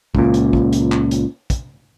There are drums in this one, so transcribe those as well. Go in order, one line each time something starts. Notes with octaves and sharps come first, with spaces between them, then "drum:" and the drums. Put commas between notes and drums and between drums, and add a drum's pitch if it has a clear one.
C#2 A#2, drum: kick
drum: hi-hat
drum: kick
drum: hi-hat
drum: clap
drum: hi-hat
drum: kick, hi-hat